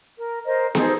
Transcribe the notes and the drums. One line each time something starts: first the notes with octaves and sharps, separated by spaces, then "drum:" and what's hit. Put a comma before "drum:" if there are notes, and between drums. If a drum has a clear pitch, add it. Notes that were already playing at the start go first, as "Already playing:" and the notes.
A#4
A#4 C5 D#5
D#4 G#4 A4 C5, drum: snare B3